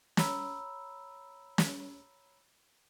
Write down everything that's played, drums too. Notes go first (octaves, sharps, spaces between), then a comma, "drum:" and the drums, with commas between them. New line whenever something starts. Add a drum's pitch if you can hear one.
C#5 A#5 B5 E6, drum: snare
drum: snare